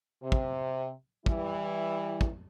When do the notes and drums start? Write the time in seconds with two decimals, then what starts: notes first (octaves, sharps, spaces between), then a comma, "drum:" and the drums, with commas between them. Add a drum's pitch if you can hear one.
0.22 C3
0.32 drum: kick
1.26 E3 G3 E4, drum: kick
2.21 drum: kick